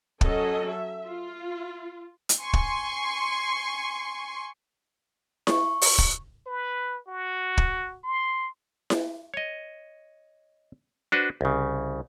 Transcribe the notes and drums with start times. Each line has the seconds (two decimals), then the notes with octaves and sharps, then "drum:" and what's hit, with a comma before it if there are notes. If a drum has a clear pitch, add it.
0.21 F#3 C#4 A4 D#5, drum: kick
0.67 E5
1.04 F4
2.29 drum: hi-hat
2.41 G#5 C6 C#6
2.53 drum: kick
5.47 C#6, drum: snare E4
5.82 drum: open hi-hat
5.98 drum: kick
6.46 B4
7.08 F#4
7.58 drum: kick
8.04 C6
8.90 drum: snare E4
9.34 C#5 D#5
11.12 D4 F#4 B4 C5
11.41 C2 C#3